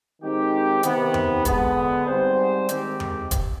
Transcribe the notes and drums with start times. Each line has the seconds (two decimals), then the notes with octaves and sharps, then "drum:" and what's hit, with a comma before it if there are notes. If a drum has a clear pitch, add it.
0.21 D#3 G#3 C4 D#4 G4
0.83 C3 D#3 B3, drum: hi-hat
1.14 drum: tom E2
1.45 D3 G#3 B3, drum: kick, hi-hat
2.07 G#2 G3 C4 G4 C5
2.69 D#3 G#3 C4 G4, drum: hi-hat
3.00 drum: tom E2
3.31 drum: kick, hi-hat